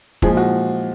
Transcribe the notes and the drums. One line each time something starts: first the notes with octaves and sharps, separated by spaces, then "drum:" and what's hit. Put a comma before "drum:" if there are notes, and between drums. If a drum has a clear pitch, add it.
A#2 F3 G#3 G#4, drum: kick
F#4